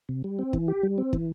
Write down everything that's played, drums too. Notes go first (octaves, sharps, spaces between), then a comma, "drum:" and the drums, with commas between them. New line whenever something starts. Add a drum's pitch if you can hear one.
C3
G3
C4
E3, drum: kick
G4
G3
C4
E3, drum: kick